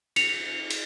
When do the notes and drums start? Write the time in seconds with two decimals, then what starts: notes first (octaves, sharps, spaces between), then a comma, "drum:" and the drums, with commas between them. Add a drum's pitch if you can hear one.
0.16 C#7 F7, drum: cymbal
0.70 drum: cymbal